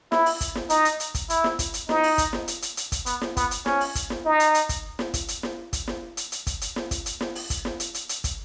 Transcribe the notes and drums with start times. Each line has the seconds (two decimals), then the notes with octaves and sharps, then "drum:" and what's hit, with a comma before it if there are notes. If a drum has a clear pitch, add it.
0.12 E4, drum: snare
0.26 drum: open hi-hat
0.41 drum: kick, hi-hat
0.55 drum: snare
0.70 D#4, drum: hi-hat
0.85 drum: hi-hat
1.00 drum: hi-hat
1.15 drum: kick, hi-hat
1.30 E4, drum: hi-hat
1.44 drum: snare
1.59 drum: kick, hi-hat
1.74 drum: hi-hat
1.89 D#4, drum: snare
2.03 drum: open hi-hat
2.18 drum: kick, hi-hat
2.33 drum: snare
2.48 drum: hi-hat
2.62 drum: hi-hat
2.77 drum: hi-hat
2.92 drum: kick, hi-hat
3.06 B3, drum: hi-hat
3.21 drum: snare
3.37 B3, drum: kick, hi-hat
3.51 drum: hi-hat
3.66 C#4, drum: snare
3.81 drum: open hi-hat
3.95 drum: kick, hi-hat
4.10 drum: snare
4.25 D#4
4.40 drum: hi-hat
4.54 drum: hi-hat
4.69 drum: kick, hi-hat
4.99 drum: snare
5.14 drum: kick, hi-hat
5.28 drum: hi-hat
5.43 drum: snare
5.73 drum: kick, hi-hat
5.88 drum: snare
6.17 drum: hi-hat
6.32 drum: hi-hat
6.47 drum: kick, hi-hat
6.61 drum: hi-hat
6.76 drum: snare
6.91 drum: kick, hi-hat
7.06 drum: hi-hat
7.21 drum: snare
7.35 drum: open hi-hat
7.50 drum: kick, hi-hat
7.65 drum: snare
7.80 drum: hi-hat
7.94 drum: hi-hat
8.09 drum: hi-hat
8.24 drum: kick, hi-hat